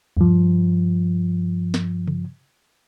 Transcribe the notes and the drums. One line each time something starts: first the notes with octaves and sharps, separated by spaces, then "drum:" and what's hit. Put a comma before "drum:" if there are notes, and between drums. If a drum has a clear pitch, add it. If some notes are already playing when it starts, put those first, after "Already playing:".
G2 F3, drum: kick D#2
drum: snare
drum: tom C#3